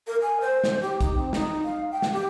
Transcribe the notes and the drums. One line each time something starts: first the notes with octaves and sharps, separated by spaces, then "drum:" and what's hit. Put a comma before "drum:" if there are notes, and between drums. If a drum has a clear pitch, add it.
A#4
G#5
C5
drum: snare
G4
D#4, drum: kick, hi-hat
C4
D#4, drum: snare
F5
G5
drum: snare
G4